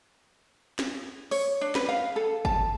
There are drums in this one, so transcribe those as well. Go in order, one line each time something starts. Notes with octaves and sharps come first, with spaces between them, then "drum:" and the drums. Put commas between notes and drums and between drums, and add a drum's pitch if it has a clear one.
drum: snare
C#5, drum: open hi-hat
D4
B4, drum: snare
F5
A4
A5, drum: kick G1